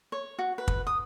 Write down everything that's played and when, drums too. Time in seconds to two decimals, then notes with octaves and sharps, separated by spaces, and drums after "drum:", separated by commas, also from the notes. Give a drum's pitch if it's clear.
0.12 C#5
0.39 F#4
0.58 B4
0.68 drum: kick
0.87 D#6